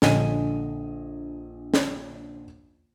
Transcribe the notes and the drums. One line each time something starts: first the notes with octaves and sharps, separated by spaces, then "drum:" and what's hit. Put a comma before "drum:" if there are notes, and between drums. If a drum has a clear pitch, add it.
A#1 D3 D#5 G#5 D#7, drum: snare
drum: snare